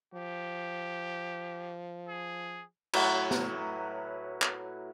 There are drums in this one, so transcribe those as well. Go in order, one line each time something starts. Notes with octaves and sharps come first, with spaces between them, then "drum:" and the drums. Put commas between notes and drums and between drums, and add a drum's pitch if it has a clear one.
F3 G4
G#4
A2 F#3 B4, drum: cymbal
drum: snare
drum: clap